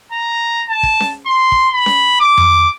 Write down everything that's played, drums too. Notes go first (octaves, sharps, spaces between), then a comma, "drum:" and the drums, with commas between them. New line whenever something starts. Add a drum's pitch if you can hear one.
A#5
A5
drum: kick
drum: snare C#4
C6
drum: kick
B5
drum: snare C#4
D6
drum: tom F2